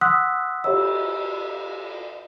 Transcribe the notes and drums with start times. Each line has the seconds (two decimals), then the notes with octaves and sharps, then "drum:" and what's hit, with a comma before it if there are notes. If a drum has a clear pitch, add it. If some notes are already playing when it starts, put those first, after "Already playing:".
0.01 F#5 C6 D#6 E6 F#6 B6
0.64 G4 C#5 E6, drum: cymbal